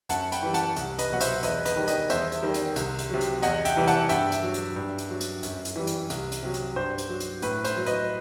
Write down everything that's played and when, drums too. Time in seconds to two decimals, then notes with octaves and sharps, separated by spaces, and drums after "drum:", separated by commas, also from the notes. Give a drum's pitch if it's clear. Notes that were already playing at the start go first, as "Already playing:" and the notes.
0.09 F#2 F#5 A5, drum: hi-hat
0.32 G5 B5, drum: hi-hat
0.43 E3 G3
0.54 F#5 A5, drum: hi-hat
0.76 C2, drum: hi-hat
0.99 B4 D#5, drum: hi-hat
1.10 B2 F#3 F#5
1.20 C5 E5, drum: hi-hat
1.43 E2 B4 D#5, drum: hi-hat
1.65 B4 D#5, drum: hi-hat
1.76 D#3 G3
1.87 B4 D#5, drum: hi-hat
2.10 E2 C5 E5, drum: hi-hat
2.32 drum: hi-hat
2.42 D#3 G3
2.54 drum: hi-hat
2.76 C2, drum: hi-hat
2.98 drum: hi-hat
3.10 C3 F#3
3.21 drum: hi-hat
3.42 E2 D#5 F#5, drum: hi-hat
3.65 E5 G5, drum: hi-hat
3.77 C3 E3 G3
3.87 F#5 A5, drum: hi-hat
4.09 G2 E5 G5, drum: hi-hat
4.32 drum: hi-hat
4.43 F#3
4.54 drum: hi-hat
4.76 G2
4.98 drum: hi-hat
5.10 F#3
5.20 drum: hi-hat
5.43 F#2, drum: hi-hat
5.65 drum: hi-hat
5.76 E3 G3
5.87 drum: hi-hat
6.10 C2, drum: hi-hat
6.31 drum: hi-hat
6.43 C3 F#3
6.54 drum: hi-hat
6.76 G2 C5
6.98 drum: hi-hat
7.09 F#3
7.20 drum: hi-hat
7.42 A2 B4, drum: hi-hat
7.64 C5, drum: hi-hat
7.76 F#3
7.86 B4 D#5, drum: hi-hat